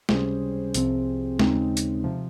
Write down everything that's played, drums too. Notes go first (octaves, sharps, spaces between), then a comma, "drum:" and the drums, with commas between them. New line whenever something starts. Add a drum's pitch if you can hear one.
C#2 C3 G3 C#4 G#4 C5, drum: snare A3
C2 C3 F3 C4, drum: hi-hat
D#2 C#3 G#3 C4 D#4, drum: snare A3
drum: hi-hat
C3 F3